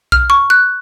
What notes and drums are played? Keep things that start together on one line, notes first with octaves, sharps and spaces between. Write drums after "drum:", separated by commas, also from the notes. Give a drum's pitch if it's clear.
F6, drum: kick B1
C#6
F#6